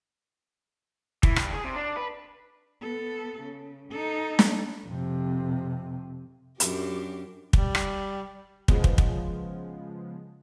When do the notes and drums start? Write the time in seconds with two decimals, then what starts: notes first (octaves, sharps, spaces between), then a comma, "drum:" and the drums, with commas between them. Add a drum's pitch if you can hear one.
1.23 E3, drum: kick
1.36 G2, drum: rim click
1.53 G#4
1.64 C3
1.76 D4
1.97 B4
2.81 B3 A4
3.41 C#3
3.91 D#4 A4
4.39 drum: snare
4.87 F2 C3
6.60 F#2 D4 G4, drum: hi-hat
7.53 G3, drum: kick
7.75 drum: rim click
8.68 C#3 F3 G#3 B3, drum: kick
8.84 drum: kick
8.98 drum: kick